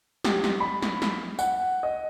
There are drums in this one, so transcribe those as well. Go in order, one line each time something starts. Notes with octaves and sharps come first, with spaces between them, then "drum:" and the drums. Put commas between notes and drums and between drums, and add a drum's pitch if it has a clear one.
G4, drum: snare
drum: snare
B5
drum: snare
drum: snare
F#5, drum: tambourine
D#5